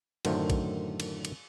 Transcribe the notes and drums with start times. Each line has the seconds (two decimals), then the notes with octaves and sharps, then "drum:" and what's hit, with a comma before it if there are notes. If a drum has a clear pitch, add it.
0.25 F#2 A2 D3 D#3 A3 C5, drum: cymbal
0.50 drum: kick A#1, cymbal
1.00 drum: cymbal
1.25 drum: cymbal